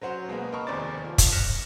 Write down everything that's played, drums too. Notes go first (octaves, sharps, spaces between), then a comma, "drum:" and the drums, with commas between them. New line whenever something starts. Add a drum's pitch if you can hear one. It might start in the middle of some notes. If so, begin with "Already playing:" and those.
F#3 C#4 C5 F#5
B2 G#3 A#3 B3
A#4 D#5 A5 B5 C#6 F6
F1 D#2 C4 D5 D6 A6
F3
drum: kick, hi-hat
F6 F#6 A#6 B6 C#7 E7